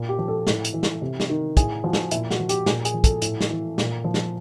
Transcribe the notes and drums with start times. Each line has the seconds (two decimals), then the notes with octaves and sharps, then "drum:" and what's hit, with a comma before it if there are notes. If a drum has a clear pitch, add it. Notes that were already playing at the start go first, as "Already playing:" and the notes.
Already playing: A#2
0.09 G4
0.19 F3
0.28 A4
0.47 A2, drum: snare
0.64 drum: hi-hat
0.74 E3
0.83 drum: snare
1.02 C3
1.20 drum: snare
1.30 D#3
1.57 A2 G#4, drum: kick, hi-hat
1.84 F3 F#4
1.93 drum: snare
2.11 A#2 E4, drum: hi-hat
2.31 F#4, drum: snare
2.39 F3
2.49 G4, drum: hi-hat
2.66 A#2 G#4, drum: snare
2.85 G#4, drum: hi-hat
2.94 F3
3.04 A4, drum: kick, hi-hat
3.22 A2, drum: hi-hat
3.41 drum: snare
3.50 E3
3.78 A#2, drum: snare
4.04 F3
4.14 drum: snare